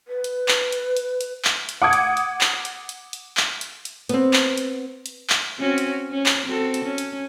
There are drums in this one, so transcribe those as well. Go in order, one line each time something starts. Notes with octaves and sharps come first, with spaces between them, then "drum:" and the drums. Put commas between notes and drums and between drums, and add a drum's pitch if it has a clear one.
B4
drum: hi-hat
drum: clap
drum: hi-hat
drum: hi-hat
drum: hi-hat
drum: clap
drum: hi-hat
F#5 D6 D#6 G#6
drum: hi-hat
drum: hi-hat
drum: clap
drum: hi-hat
drum: hi-hat
drum: hi-hat
drum: clap
drum: hi-hat
drum: hi-hat
B3 C4, drum: hi-hat
drum: clap
drum: hi-hat
drum: hi-hat
drum: clap
C4 C#4 F#4
drum: hi-hat
C#4
drum: clap
C4 F#4 A4
drum: hi-hat
C#4
drum: hi-hat